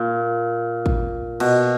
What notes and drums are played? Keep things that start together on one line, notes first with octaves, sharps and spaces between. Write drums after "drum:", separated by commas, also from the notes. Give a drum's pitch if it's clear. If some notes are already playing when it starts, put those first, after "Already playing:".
Already playing: A#2
drum: kick
B2, drum: cymbal